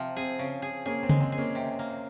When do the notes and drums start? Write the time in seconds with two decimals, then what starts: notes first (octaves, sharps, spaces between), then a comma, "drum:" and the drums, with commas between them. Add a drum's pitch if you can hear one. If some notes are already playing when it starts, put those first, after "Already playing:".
Already playing: C3 F3
0.16 C4 G#4
0.39 C#3
0.62 G#4
0.86 A#3 C#4 G#4
1.03 C4
1.09 G#3, drum: tom C#3
1.21 C4
1.32 G#4
1.38 A#3 C#4
1.55 C3
1.79 A#3